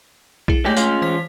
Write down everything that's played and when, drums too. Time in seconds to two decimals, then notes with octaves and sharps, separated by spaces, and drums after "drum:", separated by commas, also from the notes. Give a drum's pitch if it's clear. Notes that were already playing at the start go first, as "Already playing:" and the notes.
0.48 E4 G#4, drum: kick B1
0.65 G#3 A3 G4 C#5 B6
0.77 G#3 C#4 F4, drum: tambourine
1.02 E3 C5 B6